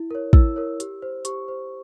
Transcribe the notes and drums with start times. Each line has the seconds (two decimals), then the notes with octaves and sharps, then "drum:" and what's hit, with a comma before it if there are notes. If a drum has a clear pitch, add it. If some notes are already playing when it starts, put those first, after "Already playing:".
Already playing: E4
0.11 A#4 C#5
0.33 E4 E6, drum: kick
0.56 A#4 C#5
0.80 G4, drum: hi-hat
1.02 C5
1.25 G4 C#6, drum: hi-hat
1.48 C5